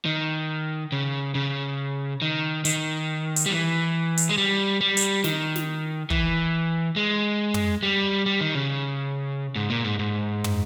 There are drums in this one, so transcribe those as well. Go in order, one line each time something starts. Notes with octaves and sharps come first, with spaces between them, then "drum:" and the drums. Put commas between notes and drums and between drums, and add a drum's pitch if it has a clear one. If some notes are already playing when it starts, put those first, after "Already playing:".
D#3
C#3
C#3
D#3
D#3, drum: hi-hat
drum: hi-hat
G3
E3
drum: hi-hat
G#3
G3
G3
drum: hi-hat
D#3, drum: snare
drum: snare
E3, drum: kick
G#3
drum: tom
G3
G3
D#3
C#3
G#2
A#2
G#2
G#2
drum: tom